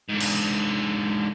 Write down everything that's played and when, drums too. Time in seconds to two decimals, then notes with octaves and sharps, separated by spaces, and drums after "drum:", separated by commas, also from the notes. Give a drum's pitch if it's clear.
0.09 G#2 D3
0.20 drum: cymbal